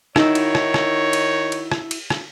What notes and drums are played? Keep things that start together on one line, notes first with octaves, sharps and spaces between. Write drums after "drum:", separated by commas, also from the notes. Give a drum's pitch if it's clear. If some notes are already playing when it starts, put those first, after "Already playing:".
D#3 D#4 E4 F#4 C#5 E6, drum: rim click
drum: cymbal
drum: rim click
drum: rim click
drum: cymbal
drum: cymbal
drum: rim click
drum: cymbal
drum: rim click